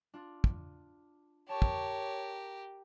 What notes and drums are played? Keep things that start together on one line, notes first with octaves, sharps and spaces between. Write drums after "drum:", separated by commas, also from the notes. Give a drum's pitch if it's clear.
D4 F4
drum: kick
G4 A#4 C#5 A5 C#6
drum: kick